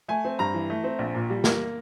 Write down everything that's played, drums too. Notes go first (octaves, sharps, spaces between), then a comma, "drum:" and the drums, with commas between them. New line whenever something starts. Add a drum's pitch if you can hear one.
A3 G#5
C4
G2 A#5
E3
A3
C4
A#1
A#2
G3
A#3, drum: snare